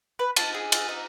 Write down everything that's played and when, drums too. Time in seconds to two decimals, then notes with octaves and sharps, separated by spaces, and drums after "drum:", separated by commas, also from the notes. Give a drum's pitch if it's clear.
0.19 B4
0.36 A5, drum: cymbal
0.54 G#4
0.72 drum: cymbal
0.89 D#4